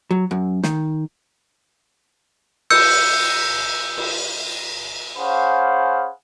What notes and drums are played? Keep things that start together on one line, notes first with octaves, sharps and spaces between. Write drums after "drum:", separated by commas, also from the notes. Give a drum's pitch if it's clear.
F#3
F#2
D#3, drum: snare
E6 G6 C#7, drum: cymbal
drum: cymbal
C#4 G#4 C5 F5 F#5 B5